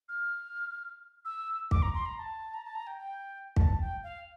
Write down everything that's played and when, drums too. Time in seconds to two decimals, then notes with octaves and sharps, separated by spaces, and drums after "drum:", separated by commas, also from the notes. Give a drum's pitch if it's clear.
0.09 F6
1.25 E6
1.71 D6, drum: kick
1.82 A#5
1.95 C6
2.06 A#5
2.18 A5
2.54 A#5
2.65 A5
2.75 A#5
2.87 G5
2.98 G5
3.56 A5, drum: kick
3.80 G5
4.03 F5